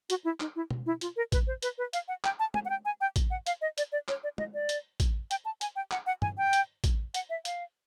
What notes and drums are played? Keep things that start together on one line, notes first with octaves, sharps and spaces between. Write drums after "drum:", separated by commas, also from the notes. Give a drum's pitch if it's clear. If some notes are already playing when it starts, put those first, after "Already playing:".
F#4, drum: hi-hat
E4
D#4, drum: clap
E4
drum: tom B2
E4
F4, drum: hi-hat
A#4
B4, drum: kick, hi-hat
C5
B4, drum: hi-hat
B4
F5, drum: hi-hat
F#5
G5, drum: clap
A5
G#5, drum: tom
F#5
G5
G#5
G5
drum: kick, hi-hat
F#5
F5, drum: hi-hat
D#5
D5, drum: hi-hat
D5
C#5, drum: clap
D5
D#5, drum: tom
D5
drum: hi-hat
drum: kick, hi-hat
G5, drum: hi-hat
A5
G#5, drum: hi-hat
G5
F#5, drum: clap
F#5
G#5, drum: tom G2
G5
drum: hi-hat
drum: kick, hi-hat
F#5, drum: hi-hat
E5
F5, drum: hi-hat